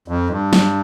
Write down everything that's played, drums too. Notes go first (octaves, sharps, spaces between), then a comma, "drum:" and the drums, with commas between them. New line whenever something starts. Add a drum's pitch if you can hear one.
F2
G2
drum: snare